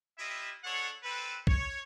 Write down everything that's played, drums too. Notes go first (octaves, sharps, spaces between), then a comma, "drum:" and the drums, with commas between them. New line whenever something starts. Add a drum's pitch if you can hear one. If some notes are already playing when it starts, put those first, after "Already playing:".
E4 F4 G4 D#5 E5
G#3 D4 A4 C#5 F#5
C4 A4 B4
C#5, drum: kick